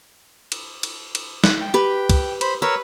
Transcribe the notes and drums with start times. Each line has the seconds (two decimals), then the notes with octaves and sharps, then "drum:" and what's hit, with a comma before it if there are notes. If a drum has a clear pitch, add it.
0.52 drum: cymbal
0.83 drum: cymbal
1.15 drum: cymbal
1.44 F#6, drum: snare
1.61 G5
1.74 G4 B4
2.10 drum: kick, cymbal
2.41 C5 B5, drum: cymbal
2.62 A#4 B4 C#5 E6